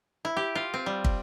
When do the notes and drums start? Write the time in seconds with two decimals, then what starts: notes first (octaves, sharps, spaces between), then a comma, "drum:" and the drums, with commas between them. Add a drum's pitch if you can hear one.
0.25 E4
0.37 G4
0.55 F4
0.74 C4
0.86 G3
1.04 drum: kick